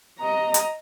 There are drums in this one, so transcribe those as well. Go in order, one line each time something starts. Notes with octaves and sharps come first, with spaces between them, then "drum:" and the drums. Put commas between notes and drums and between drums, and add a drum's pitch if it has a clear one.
D#5 A#5
drum: hi-hat